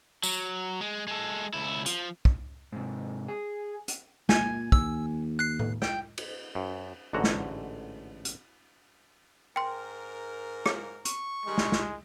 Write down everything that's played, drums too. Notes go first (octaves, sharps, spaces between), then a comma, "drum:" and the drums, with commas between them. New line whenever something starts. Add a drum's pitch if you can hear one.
F#3, drum: tambourine
G#3
G#3 A4
C#2 E4
F3, drum: hi-hat
drum: kick
G#2 C3
G#4
drum: hi-hat
A#2 G#5, drum: snare
D#2 E6, drum: kick
F#6 C7
drum: tom A2
G5, drum: snare
drum: cymbal
F#2
A1 G#2 D3 F#4 A#5
drum: snare
drum: hi-hat
G#2 A#4 G5 C6
drum: rim click
C#6, drum: hi-hat
D#3 G3 G#3
drum: snare
drum: snare